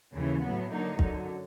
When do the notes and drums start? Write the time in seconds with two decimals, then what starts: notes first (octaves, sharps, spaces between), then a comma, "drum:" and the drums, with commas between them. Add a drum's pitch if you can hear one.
0.13 D#2 C#3 E3
0.42 A2 F#3 B3
0.70 D3 F#3 A#3 D#4
0.99 F#2 D3 F#3, drum: kick